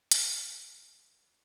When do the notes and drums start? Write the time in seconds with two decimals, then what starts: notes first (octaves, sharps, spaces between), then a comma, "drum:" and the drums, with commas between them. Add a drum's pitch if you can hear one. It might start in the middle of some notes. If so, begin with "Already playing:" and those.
0.12 B3 D4 F4, drum: hi-hat
0.70 C3